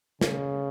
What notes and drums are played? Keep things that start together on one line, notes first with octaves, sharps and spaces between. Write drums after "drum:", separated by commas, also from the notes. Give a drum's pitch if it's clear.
C#3, drum: snare